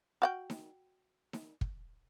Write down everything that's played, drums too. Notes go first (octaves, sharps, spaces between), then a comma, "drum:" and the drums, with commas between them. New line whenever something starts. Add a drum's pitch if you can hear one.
F#4 F#5 G5
drum: snare D#4
drum: snare D#4
drum: kick